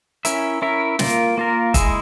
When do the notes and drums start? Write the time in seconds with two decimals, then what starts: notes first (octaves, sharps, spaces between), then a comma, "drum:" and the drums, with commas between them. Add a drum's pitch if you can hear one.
0.25 C#4 E4 A#4 E5, drum: hi-hat
0.62 C#4 E4 A#4 E5
0.99 A#3 F4 A#4, drum: snare
1.38 A#3 F4 A#4
1.74 G#3 E4 G#4 E5, drum: kick, hi-hat